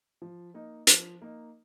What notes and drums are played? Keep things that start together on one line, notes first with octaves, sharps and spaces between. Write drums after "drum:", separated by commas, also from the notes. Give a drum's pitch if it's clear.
F3
A#3 D#4
F3, drum: hi-hat
A#3 D#4